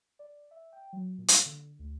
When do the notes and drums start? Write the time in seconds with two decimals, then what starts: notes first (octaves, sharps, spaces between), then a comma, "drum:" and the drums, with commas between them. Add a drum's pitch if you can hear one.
0.19 D5
0.51 E5
0.72 G5
0.93 F#3
1.18 A#2
1.28 drum: hi-hat
1.46 D3
1.79 D2